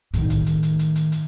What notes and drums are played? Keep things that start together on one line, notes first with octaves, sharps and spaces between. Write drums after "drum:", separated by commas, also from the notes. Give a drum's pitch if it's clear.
A2 D#3, drum: hi-hat
drum: kick, hi-hat
drum: hi-hat
drum: hi-hat
drum: hi-hat
drum: hi-hat
drum: hi-hat